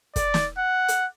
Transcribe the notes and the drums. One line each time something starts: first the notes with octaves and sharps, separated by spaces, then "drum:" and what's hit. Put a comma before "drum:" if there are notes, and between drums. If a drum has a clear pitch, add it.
D5, drum: kick, hi-hat
drum: snare
F#5
drum: hi-hat